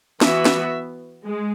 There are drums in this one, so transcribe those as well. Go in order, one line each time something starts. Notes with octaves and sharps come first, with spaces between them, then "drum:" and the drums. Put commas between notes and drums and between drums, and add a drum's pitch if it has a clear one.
E3 B3 F#4 E5, drum: snare
drum: snare
G#3